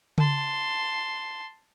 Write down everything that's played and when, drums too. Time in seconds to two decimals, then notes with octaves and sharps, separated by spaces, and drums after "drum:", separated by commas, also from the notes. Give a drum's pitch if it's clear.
0.18 A5 C6, drum: tom C#3